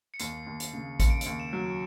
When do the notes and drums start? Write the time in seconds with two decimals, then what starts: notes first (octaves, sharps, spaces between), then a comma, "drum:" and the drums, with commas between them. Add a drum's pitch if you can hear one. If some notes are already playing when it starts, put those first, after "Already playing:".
0.14 C#7
0.19 D#2 C7, drum: hi-hat
0.47 D#2
0.60 drum: hi-hat
0.73 C#3
1.00 D#2 C#7, drum: kick A1, hi-hat
1.10 D7
1.21 C#7, drum: hi-hat
1.26 D#2
1.40 E7
1.53 F#3